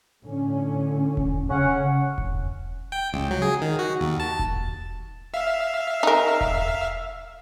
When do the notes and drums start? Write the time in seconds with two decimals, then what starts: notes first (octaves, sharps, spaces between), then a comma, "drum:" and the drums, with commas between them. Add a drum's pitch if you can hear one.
0.24 A2 D3 C#4
1.17 drum: kick E1
1.49 C#3 C#4 F#5
2.18 drum: kick E1
2.92 G5
3.13 C#2
3.31 F#3
3.42 G#4
3.62 D#3
3.79 F#4
4.01 D#2
4.20 A5
4.39 drum: kick E1
5.34 E5 F5
6.03 D#4 A#4
6.41 drum: kick E1